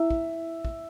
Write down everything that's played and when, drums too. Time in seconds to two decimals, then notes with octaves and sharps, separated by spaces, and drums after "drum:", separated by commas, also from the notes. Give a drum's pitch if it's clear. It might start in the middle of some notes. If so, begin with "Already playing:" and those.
Already playing: E4 E5
0.10 drum: kick
0.65 drum: kick